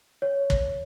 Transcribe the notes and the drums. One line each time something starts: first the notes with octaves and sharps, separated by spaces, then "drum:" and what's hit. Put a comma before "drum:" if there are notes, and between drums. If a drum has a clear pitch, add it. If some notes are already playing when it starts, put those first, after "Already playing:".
C#5
drum: kick